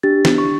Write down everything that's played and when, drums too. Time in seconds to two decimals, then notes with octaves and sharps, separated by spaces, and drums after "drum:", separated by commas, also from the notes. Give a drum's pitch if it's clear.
0.03 D4 G4 A6
0.25 drum: snare
0.38 C#6